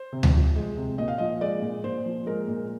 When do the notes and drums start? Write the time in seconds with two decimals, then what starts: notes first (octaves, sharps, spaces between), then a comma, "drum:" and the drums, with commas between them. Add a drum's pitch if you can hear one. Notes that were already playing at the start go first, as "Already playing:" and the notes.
Already playing: C5
0.13 C3
0.23 drum: tom D2
0.35 F3
0.56 G#3
0.77 C3
0.98 A#2 D#5
1.08 F5
1.18 F3 D#5
1.41 G#3 D5
1.62 A#2
1.84 A#2 C5
2.06 F3
2.26 G#3 A#4
2.48 A#2